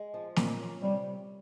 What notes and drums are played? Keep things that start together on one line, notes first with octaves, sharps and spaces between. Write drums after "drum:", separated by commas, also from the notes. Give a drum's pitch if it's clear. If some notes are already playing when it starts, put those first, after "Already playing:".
Already playing: G#3
F3
A#2, drum: snare
C#4
C3 G3